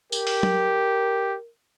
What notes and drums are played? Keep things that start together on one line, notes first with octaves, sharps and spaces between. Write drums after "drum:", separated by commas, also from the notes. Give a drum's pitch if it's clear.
G4 A#4, drum: tambourine
drum: open hi-hat
drum: tom F#3